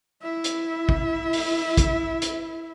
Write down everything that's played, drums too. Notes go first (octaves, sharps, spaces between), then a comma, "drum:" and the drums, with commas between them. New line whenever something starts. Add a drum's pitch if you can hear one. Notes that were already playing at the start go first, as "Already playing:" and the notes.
E4 E5
drum: hi-hat
drum: kick
drum: open hi-hat
drum: kick, hi-hat
drum: hi-hat